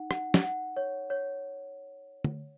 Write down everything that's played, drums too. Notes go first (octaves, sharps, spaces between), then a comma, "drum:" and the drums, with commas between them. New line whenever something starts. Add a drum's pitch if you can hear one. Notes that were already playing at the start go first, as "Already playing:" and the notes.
Already playing: D#4 F#5
F#5, drum: rim click
drum: snare
F#5
C#5
C#5
drum: tom